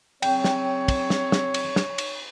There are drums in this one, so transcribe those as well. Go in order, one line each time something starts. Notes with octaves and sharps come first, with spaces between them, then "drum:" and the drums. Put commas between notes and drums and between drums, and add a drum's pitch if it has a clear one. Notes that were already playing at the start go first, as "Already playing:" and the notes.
C#3 F#3 C4 C#5 G5, drum: cymbal
drum: snare
drum: kick, cymbal
drum: snare
drum: snare
drum: cymbal
drum: snare
drum: cymbal